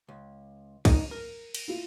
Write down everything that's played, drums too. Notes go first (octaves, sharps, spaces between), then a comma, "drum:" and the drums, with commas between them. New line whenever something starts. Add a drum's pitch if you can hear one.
C#2
D#4, drum: kick A#1, cymbal
A#4
drum: cymbal
E4 F4